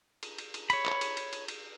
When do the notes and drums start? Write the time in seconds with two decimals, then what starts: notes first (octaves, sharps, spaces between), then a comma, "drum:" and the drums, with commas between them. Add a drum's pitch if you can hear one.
0.23 drum: cymbal
0.38 drum: cymbal
0.54 drum: cymbal
0.70 C#5 B5, drum: cymbal
0.86 drum: clap
1.01 drum: cymbal
1.17 drum: cymbal
1.33 drum: cymbal
1.48 drum: cymbal